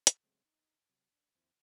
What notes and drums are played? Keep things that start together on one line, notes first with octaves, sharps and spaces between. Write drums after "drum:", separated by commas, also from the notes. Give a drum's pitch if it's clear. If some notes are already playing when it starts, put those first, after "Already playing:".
drum: hi-hat
C#3 F#3 G#3 A3 C4
D#4
C3 F#3
D4
D#2 F3 C4 E4